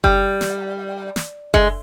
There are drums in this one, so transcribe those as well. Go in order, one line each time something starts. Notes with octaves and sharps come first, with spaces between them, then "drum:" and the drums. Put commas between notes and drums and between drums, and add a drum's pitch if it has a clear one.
G3, drum: kick F#1
drum: snare
drum: snare
G#3, drum: kick F#1